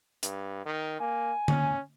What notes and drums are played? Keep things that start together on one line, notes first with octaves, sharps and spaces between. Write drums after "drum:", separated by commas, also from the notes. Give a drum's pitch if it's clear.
G2, drum: hi-hat
D#3
A#3 G#5
C#4, drum: tom D3